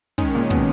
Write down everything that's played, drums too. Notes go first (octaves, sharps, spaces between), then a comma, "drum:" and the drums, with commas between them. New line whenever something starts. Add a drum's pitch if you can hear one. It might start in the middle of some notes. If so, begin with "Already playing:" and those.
D#3 G#3 C#4, drum: kick
A#2, drum: hi-hat
B2, drum: kick